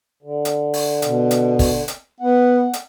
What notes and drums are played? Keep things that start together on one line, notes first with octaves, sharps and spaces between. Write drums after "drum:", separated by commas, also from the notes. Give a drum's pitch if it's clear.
D3
drum: hi-hat
drum: open hi-hat
B2, drum: hi-hat
drum: hi-hat
drum: kick, open hi-hat
drum: hi-hat
B3 F#5
drum: hi-hat